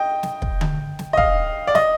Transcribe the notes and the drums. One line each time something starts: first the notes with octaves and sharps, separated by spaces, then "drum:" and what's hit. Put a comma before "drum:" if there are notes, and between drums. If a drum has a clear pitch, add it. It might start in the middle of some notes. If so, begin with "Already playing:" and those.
Already playing: D#5 G5
drum: snare
drum: kick
drum: tom D3
drum: snare
D#5
F5, drum: kick
D5
D#5, drum: snare